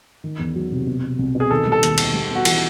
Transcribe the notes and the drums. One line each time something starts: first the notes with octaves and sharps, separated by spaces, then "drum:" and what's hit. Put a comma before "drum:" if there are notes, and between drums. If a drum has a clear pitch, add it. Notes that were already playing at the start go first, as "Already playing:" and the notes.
D#3
E2
F#3
C3
B2
B2
C2
B2
G#4
D#3 A4
G3
A4
D#2, drum: hi-hat
D#3, drum: cymbal
G3
B3 F#4
E3, drum: cymbal